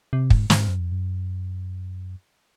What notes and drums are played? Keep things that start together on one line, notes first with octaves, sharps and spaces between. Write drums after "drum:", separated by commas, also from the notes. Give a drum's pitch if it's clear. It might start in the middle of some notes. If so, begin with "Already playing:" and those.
C3
G#2, drum: kick
G#2, drum: snare
F#2
F2
F#2